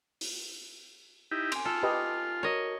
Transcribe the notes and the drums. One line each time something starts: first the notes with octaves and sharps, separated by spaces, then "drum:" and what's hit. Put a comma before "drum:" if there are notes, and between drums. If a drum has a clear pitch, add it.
drum: open hi-hat
D#4 E4 G4
G#5 C6, drum: cymbal
F4 A4
G4 B4 D#5
F#4 A#4 C#5 D#5